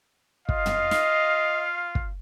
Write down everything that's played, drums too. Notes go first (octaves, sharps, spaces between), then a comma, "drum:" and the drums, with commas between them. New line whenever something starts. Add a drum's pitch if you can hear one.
F4 D#5 F5, drum: kick
drum: tom
drum: snare
drum: kick